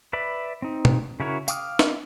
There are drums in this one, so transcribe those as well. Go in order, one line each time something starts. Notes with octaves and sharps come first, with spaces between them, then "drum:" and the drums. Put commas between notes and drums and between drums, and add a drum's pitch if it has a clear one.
B4 D5 E5 B5
C4 D#4
drum: tom B2
C#3 E4 F#4 A#4 C#5
F5 G5 D6 D#6 F6, drum: tambourine
drum: snare